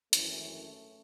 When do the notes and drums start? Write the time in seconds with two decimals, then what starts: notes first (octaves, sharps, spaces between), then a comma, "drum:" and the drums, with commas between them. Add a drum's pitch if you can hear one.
0.13 G#1 F#2 E3 A3 C#4, drum: hi-hat